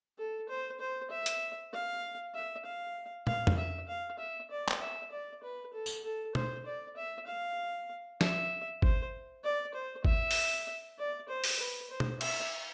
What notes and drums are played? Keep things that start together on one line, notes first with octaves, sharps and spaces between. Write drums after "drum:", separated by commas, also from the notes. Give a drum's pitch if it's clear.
A4
C5
C5
E5
drum: hi-hat
F5
E5
F5
F5, drum: tom
drum: tom F2
E5
F5
E5
D5
drum: clap
E5
D5
B4
A4
drum: tambourine
A4
C5, drum: tom
D5
E5
F5
E5, drum: snare
C5, drum: kick
D5
C5
E5, drum: kick
drum: open hi-hat
D5
C5
drum: open hi-hat
B4
C5
drum: tom
E5, drum: cymbal